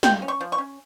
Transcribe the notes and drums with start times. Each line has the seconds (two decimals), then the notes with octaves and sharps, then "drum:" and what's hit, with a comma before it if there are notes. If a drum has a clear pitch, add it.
0.03 F3 G5, drum: snare
0.22 C#4
0.28 C#6
0.41 F3
0.52 C#6
0.58 C#4